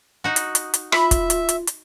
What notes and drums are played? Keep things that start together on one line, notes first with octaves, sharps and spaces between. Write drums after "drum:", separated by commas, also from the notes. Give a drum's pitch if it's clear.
D#4 F#4
drum: hi-hat
drum: hi-hat
drum: hi-hat
F4 E5 B5, drum: rim click
drum: kick, hi-hat
drum: hi-hat
drum: hi-hat
drum: hi-hat